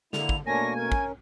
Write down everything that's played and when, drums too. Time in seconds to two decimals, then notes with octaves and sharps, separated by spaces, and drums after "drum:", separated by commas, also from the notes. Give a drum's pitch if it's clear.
0.13 D3 A#3 E4 F7, drum: snare
0.29 drum: kick
0.47 B2 A3 A#3 D4 A#4 C#5 G#5 A#6
0.76 C#4 A#4 G#6
0.92 drum: kick